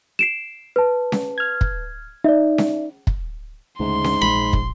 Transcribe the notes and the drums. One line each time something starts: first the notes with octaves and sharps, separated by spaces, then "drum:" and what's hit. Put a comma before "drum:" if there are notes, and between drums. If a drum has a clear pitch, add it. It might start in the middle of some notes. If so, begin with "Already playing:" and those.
C7 D7 E7
B4 A5
drum: snare C#4
F6 G#6
drum: kick
D#4 D5 E5
drum: snare C#4
drum: kick
D2 G#2 C#3 C6
drum: snare C#4
A#1 B5
drum: kick